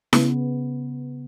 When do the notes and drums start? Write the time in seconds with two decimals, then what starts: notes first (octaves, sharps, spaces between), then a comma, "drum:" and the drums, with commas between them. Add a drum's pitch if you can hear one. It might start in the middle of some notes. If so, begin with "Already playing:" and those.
0.13 C#3 B3, drum: snare E4